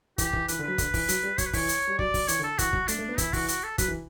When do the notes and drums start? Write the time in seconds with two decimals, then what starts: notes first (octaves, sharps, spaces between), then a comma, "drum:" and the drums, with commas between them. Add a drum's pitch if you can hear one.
0.18 E3 G4, drum: kick, hi-hat
0.33 E3, drum: kick
0.48 E3 B4, drum: hi-hat
0.59 D3
0.63 F#3 B4
0.78 D3, drum: kick, hi-hat
0.94 E3, drum: kick, open hi-hat
1.09 F#3, drum: hi-hat
1.23 G3
1.38 F#3 C#5, drum: kick, hi-hat
1.46 B4
1.53 E3 C#5, drum: kick, open hi-hat
1.69 drum: hi-hat
1.87 G3
1.99 F#3 D5, drum: kick
2.14 F#3, drum: kick, open hi-hat
2.28 E3 C#5, drum: hi-hat
2.39 D3
2.43 A4
2.59 E3 F#4, drum: kick, hi-hat
2.73 F#3, drum: kick
2.88 A3 D4, drum: hi-hat
2.99 A3
3.09 B3
3.18 E3 E4, drum: kick, hi-hat
3.33 E3 F#4, drum: kick, open hi-hat
3.48 F#4, drum: hi-hat
3.64 A4
3.78 F#3 B4, drum: kick, hi-hat
3.88 E3